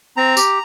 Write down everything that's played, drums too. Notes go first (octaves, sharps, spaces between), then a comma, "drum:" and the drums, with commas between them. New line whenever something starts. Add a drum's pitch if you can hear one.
C4 A#5
G4, drum: tambourine